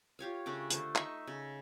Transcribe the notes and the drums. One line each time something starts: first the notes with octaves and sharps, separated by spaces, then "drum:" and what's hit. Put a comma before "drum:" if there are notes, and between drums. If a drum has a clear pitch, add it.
F4 G4 C#5 F5
C#3 A3 D4 D6
D3 A3 C5, drum: hi-hat
D#4 E5 C#6, drum: clap
C#3